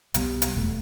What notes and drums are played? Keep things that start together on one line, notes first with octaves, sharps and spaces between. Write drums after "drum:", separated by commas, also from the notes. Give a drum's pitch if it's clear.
B1 B2 G3, drum: hi-hat
drum: hi-hat
F1 E2 B2 A3